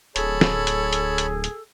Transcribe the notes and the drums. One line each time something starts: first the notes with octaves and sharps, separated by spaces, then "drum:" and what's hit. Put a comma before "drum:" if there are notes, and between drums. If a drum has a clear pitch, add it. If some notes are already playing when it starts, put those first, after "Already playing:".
D1 G#4 A4 C#5 A5 B5, drum: hi-hat
drum: snare
drum: hi-hat
drum: hi-hat
drum: hi-hat
drum: hi-hat